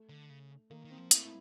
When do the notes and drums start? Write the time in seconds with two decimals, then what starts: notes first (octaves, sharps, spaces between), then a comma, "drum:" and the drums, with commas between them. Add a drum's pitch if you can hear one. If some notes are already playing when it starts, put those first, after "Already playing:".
Already playing: A3
0.09 D3
0.30 C#3
0.71 D#3 A#3
0.84 D#3
0.90 C4
0.98 F3
1.11 A3 E4, drum: hi-hat
1.25 E4